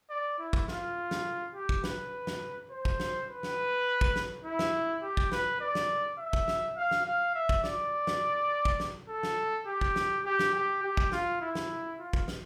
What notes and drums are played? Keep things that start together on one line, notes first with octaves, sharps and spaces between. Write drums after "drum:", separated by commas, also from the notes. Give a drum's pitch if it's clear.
D5
E4
drum: kick
F4, drum: snare
drum: snare
G4
drum: kick
B4, drum: snare
drum: snare
C5
drum: kick
drum: snare
B4
drum: snare
drum: kick
drum: snare
E4
drum: snare
G4
drum: kick
B4, drum: snare
D5
drum: snare
E5
drum: kick
drum: snare
F5
drum: snare
F5
E5
drum: kick
D5, drum: snare
drum: snare
drum: kick
drum: snare
A4
drum: snare
G4
drum: kick
drum: snare
G4
drum: snare
G4
G4
drum: kick
F4, drum: snare
E4
drum: snare
F4
drum: kick
drum: snare